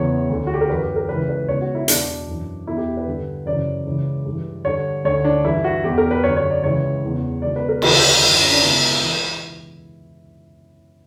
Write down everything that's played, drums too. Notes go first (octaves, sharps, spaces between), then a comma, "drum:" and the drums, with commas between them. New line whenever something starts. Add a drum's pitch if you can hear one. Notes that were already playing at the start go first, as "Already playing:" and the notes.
Already playing: E2 C#3 E3 C#5
D2 D3
F#4
G4
A#4
F#2 E3 B4
G4
A#4
C#2 C#3 E3 B4
B4
C#2 B2 C#5
F#4
E4
E2 B2 D4, drum: hi-hat
F#2 E3
E2 B2 E4
G4
B4
G2 D3
F#2 C#3 E3 D5
C#2 C#3 E3
G2 E3
G2 D3 C#5
D2 D3 C#5
D4
G2 E3 E4
F#4
E2 B2 G4
A#4
B4
F#2 D3 C#5
C#5
D5
C#2 C#3 E3 C#5
E2 C#3 E3
C#2 B2 D5
B4
A#4
D2 C#3 E3 G4, drum: cymbal
F#2 D3
C#4
D4
C#2 B2 E4
E3